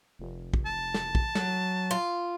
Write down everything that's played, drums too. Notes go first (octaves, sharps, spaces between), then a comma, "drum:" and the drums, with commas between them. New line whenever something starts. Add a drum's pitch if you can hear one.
F1
drum: kick
A5
drum: snare
drum: kick
F#3, drum: snare
F4